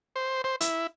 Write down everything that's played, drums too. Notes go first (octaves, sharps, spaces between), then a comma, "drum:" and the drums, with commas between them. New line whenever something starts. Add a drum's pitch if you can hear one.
C5
C5
E4, drum: hi-hat